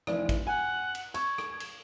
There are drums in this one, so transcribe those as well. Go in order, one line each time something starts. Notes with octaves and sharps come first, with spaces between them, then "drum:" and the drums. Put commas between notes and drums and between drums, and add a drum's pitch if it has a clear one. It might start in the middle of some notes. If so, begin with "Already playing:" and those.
F1 E3 D5, drum: rim click
drum: kick, cymbal
F#5 G#5
drum: cymbal
C#6 G#6, drum: cymbal
drum: rim click
drum: cymbal